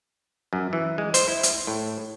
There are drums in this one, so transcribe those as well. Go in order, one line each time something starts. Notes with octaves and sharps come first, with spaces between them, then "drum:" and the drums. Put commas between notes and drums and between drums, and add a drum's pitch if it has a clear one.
F#2
E3
G#3
C5, drum: hi-hat
E4
drum: hi-hat
A2